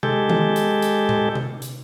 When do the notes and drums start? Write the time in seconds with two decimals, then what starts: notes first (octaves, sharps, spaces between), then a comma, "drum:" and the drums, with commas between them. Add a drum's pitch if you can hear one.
0.03 G#3 G4 A4, drum: tom C3
0.29 drum: tom D#3
0.56 drum: hi-hat
0.82 drum: hi-hat
1.09 drum: tom A2
1.35 drum: tom C3
1.62 drum: hi-hat